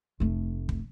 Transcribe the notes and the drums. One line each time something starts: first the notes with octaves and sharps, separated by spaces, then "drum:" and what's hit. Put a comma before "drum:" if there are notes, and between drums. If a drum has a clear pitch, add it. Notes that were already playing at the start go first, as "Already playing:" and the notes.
F1 A3
drum: kick